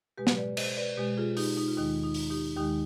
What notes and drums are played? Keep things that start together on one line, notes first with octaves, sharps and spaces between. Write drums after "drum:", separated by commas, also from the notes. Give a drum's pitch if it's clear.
B2 G#3 G4 B4
drum: snare
B4 D5
C5 D#5, drum: cymbal
B4 D5
B2 G#3 G4 B4
F4 G#4
D#4 G4, drum: open hi-hat
D#4
F4
D#2 D#3 G#3 D#4
D#4
drum: open hi-hat
D#4 G4
D#2 D#3 G#3 D#4 G4